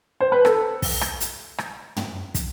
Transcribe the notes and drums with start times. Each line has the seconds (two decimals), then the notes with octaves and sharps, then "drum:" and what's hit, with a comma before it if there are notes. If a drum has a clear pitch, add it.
0.20 C5
0.32 B4
0.45 A4, drum: rim click
0.82 drum: kick, open hi-hat
1.01 drum: rim click
1.20 drum: hi-hat
1.58 drum: rim click
1.96 drum: tom
2.35 drum: kick, hi-hat